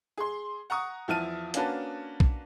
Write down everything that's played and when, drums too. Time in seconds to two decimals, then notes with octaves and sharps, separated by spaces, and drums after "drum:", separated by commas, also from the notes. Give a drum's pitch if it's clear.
0.17 G#4 C6
0.70 F#5 A#5 C#6 D#6
1.08 E2 F3 E4 A5 F6 D#7
1.54 A#3 C#4 D4 F#4 B4 A5, drum: hi-hat
2.20 drum: kick